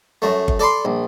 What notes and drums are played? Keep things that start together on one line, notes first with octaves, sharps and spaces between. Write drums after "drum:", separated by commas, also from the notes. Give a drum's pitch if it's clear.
F#2 A3
drum: kick G1
A4 D5 B5 C6
A#1